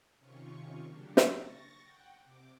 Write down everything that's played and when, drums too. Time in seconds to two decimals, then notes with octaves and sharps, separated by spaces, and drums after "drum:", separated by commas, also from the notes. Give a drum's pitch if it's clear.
0.19 C3 D#3 C#4 F4 C#6
0.87 C#3 F#3 A#3 D4 G4
1.17 drum: snare
1.34 C#6 A6 A#6
1.81 F#5 G5
2.22 C3 D6